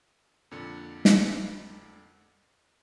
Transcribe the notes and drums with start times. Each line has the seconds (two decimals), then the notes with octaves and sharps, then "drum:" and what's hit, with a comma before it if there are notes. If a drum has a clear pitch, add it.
0.51 F2 A#2 D3 C#7
1.05 drum: snare